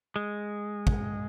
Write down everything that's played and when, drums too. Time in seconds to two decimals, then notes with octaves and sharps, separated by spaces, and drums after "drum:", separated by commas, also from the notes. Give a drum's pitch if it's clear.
0.16 G#3
0.87 drum: kick